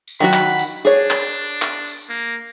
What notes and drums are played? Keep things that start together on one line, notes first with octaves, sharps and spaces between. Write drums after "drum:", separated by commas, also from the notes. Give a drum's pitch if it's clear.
drum: tambourine
D#3 F#3 F#4 B5
drum: clap
drum: tambourine
D4 G#4 C#5, drum: tambourine
drum: clap
drum: clap
drum: tambourine
A#3